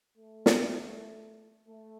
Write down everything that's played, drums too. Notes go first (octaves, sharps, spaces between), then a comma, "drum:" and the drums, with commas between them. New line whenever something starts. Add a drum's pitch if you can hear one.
A3
drum: snare
A3